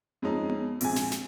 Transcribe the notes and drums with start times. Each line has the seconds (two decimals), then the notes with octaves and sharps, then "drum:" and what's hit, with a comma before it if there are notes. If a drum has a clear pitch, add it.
0.22 F2 G#3 C#4 D#4
0.50 drum: tom B3
0.81 A#1 C3 G#3 G#5, drum: open hi-hat
0.96 drum: snare
1.12 drum: snare